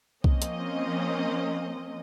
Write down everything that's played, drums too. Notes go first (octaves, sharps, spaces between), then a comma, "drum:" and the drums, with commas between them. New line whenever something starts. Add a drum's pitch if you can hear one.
F3 A#3 C4 C#4 D#5, drum: kick C2
drum: hi-hat